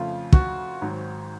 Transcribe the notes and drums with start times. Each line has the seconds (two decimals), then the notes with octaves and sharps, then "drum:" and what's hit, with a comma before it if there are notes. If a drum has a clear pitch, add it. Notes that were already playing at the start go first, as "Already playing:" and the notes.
Already playing: F2 C#3 F3 A3 F4
0.33 F#4, drum: kick
0.81 G#1 G#2 F#3